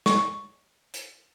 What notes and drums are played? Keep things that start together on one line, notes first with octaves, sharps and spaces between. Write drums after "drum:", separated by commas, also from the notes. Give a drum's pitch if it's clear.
C#6, drum: snare
drum: hi-hat